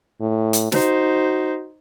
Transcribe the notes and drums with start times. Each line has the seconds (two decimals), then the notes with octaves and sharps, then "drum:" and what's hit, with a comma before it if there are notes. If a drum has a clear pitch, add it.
0.21 A2
0.53 drum: hi-hat
0.72 D#4 F#4 C5, drum: snare